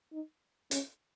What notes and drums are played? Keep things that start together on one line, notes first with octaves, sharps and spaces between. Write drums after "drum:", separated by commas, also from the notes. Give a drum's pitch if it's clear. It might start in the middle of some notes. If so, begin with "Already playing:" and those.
D#4
C#4, drum: hi-hat